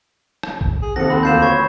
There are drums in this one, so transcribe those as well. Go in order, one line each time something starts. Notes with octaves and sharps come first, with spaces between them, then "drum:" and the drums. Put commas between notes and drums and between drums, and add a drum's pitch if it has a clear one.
drum: rim click
drum: kick A#1
G#4
D#2 C3 F3 A4 F#5 A#6 C#7
C4 B5
D2 A#3 F4 G6 C7 E7
B4 C#5 B5 C#6 G#6